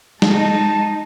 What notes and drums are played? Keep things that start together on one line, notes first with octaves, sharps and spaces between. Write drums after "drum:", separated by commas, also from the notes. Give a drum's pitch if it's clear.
G#3 D#4 A5, drum: snare